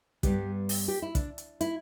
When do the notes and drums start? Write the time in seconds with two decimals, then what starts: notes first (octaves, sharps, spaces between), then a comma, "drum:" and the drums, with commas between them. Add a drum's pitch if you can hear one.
0.23 G2 G3 B3 G4, drum: kick, hi-hat
0.69 drum: open hi-hat
0.88 G4
1.02 E4
1.15 D4, drum: kick, hi-hat
1.38 drum: hi-hat
1.61 E4, drum: hi-hat